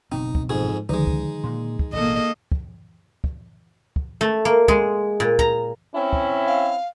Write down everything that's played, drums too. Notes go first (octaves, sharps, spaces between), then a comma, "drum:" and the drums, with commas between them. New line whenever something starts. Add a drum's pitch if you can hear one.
F#1 B2 C4 D#4 G5
drum: kick
F2 G#2 G#4
C#2 D3 D#3 F3 G#3 D#4
drum: kick
A#2 A#3 C6
drum: kick
A1 B2 A#3 A4 D#5
drum: kick
drum: kick
drum: kick
A3
A#3
G#3, drum: kick
A#2
A#5, drum: kick
C4 C#4 E4
drum: kick
F5